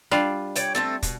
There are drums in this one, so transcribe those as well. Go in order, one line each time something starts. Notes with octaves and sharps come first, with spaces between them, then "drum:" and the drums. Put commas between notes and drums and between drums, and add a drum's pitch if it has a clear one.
G3 D4 F4, drum: snare
C#5 D5 G5, drum: hi-hat
A3 C4 A4
B2, drum: kick, hi-hat